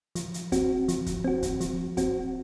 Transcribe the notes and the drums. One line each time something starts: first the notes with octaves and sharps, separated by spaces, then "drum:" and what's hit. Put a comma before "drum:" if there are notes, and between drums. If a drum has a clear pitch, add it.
F3, drum: hi-hat
drum: hi-hat
C4 F#4, drum: kick, hi-hat
F3, drum: hi-hat
drum: kick, hi-hat
C4 F#4
drum: kick, hi-hat
F3, drum: hi-hat
C4 F#4, drum: kick, hi-hat